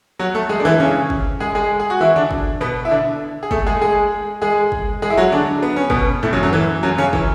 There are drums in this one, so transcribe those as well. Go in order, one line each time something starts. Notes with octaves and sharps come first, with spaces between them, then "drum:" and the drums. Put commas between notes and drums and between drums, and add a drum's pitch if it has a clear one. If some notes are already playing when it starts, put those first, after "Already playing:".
F#3 F#4
A3 A4
G#3 G#4
D4
E3 E4
C#3 C#4
drum: kick
G#3 G#4
G#3 G#4
G#4
F#4
E3 E4
D3 D4
drum: kick
B2 B3
E4
D3 D4
G#4
A3 A4, drum: kick
G#3 G#4
G#3 G#4
G#3 G#4
drum: kick
G#3 G#4
E4
F#3 F#4
D3 D4
B3
C#4
B2 B3, drum: kick
A2 A3
F#2 F#3
F#2 F#3
E3
F#2 F#3
C#3 C#4
E3, drum: kick